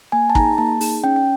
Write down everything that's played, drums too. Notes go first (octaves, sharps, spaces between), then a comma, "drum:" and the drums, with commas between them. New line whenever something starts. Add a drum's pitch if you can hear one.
A#3 G#5
A5
D#4 G#4 A#5, drum: kick
A#3 A5
D#4 G#4, drum: open hi-hat
C#4 G5
G5